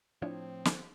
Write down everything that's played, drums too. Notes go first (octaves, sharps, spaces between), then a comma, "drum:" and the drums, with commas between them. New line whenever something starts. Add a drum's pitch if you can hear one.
A2 F3 C4 D4 E4 F4 C#5
drum: snare